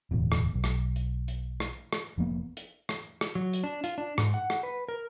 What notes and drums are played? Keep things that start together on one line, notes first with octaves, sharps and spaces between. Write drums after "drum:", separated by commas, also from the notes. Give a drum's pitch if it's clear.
D1 E2 B2
drum: rim click
B1
drum: rim click
drum: hi-hat
drum: hi-hat
drum: rim click
drum: rim click
F1 F3 A#3 B3
drum: hi-hat
drum: rim click
drum: rim click
F#3
drum: hi-hat
D4
F4, drum: hi-hat
D4
G#2, drum: rim click
F#5
drum: rim click
B4
A#4